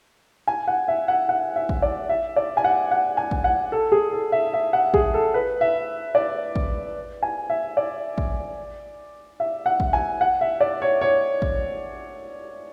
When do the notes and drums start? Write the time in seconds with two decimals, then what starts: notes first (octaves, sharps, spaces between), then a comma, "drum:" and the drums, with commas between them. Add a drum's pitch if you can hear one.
0.47 G#5
0.68 F#5
0.88 E5
1.08 F#5
1.29 F#5
1.56 E5
1.69 drum: kick A1
1.82 D5
2.09 E5
2.36 D5
2.57 G#5
2.64 F#5
2.91 F#5
3.17 G#5
3.31 drum: kick A1
3.44 F#5
3.72 A4
3.92 G#4
4.13 A4
4.32 E5
4.54 E5
4.73 F#5
4.94 G#4, drum: kick A1
5.14 A4
5.34 B4
5.61 E5
6.15 D5
6.56 drum: kick A1
7.23 G#5
7.50 E5
7.77 D5
8.18 drum: kick A1
9.40 E5
9.66 F#5
9.80 drum: kick A1
9.93 G#5
10.21 F#5
10.41 E5
10.61 D5
10.82 C#5
11.01 C#5
11.42 drum: kick A1